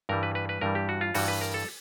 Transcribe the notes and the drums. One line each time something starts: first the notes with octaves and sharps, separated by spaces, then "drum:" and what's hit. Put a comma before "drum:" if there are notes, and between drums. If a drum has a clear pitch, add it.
G2 E3 G3 A#4
B4
B4
B4
G2 E3 G3 A#4
G4
F#4
F4
G2 E3 G3 F#4, drum: open hi-hat
B4
A#4
A4